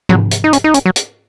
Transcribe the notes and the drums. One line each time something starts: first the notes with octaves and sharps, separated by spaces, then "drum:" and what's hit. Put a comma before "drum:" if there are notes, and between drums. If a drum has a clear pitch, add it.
F#3, drum: tom G#2
drum: hi-hat
D#4
C#4, drum: hi-hat
D#4
C#4, drum: hi-hat
F#3
drum: hi-hat